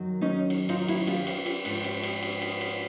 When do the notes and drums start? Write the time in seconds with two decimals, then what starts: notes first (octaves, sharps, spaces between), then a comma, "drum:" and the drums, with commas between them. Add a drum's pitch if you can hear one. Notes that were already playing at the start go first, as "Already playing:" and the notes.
Already playing: F#2 D#3 F#3
0.21 C#4 D#4
0.50 drum: cymbal
0.69 D#4 F4, drum: cymbal
0.88 E4 F#4, drum: cymbal
1.07 F4 G4, drum: cymbal
1.27 drum: cymbal
1.46 drum: cymbal
1.65 G#2 F3, drum: cymbal
1.84 drum: cymbal
2.03 drum: cymbal
2.23 drum: cymbal
2.42 drum: cymbal
2.61 drum: cymbal